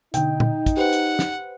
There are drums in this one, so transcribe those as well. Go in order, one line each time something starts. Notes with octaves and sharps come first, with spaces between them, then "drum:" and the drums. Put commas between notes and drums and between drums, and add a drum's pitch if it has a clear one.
B2 D3 D#4 G5, drum: hi-hat
drum: tom A#2
drum: kick, hi-hat
G4 B4 C5 F#5
drum: hi-hat
drum: snare